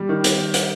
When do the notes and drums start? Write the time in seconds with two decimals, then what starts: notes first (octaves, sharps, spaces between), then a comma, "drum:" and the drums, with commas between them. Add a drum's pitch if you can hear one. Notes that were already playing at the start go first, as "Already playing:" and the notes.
Already playing: G3
0.09 D#3
0.24 drum: hi-hat
0.54 drum: hi-hat